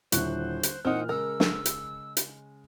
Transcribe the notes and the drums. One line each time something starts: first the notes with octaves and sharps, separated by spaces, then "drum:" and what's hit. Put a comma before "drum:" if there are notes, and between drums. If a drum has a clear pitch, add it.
D#1 D3 E4 C5 C#6 F#6, drum: hi-hat
drum: hi-hat
A#2 E3 A#3 C4 D#4 F#5 F6
C#3 G#3 G#4 A#4 E6
drum: snare
drum: hi-hat
drum: hi-hat